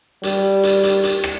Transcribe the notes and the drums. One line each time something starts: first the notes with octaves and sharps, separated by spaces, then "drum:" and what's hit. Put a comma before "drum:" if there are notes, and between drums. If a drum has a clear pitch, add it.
G3, drum: hi-hat
drum: hi-hat
drum: hi-hat
drum: hi-hat
drum: rim click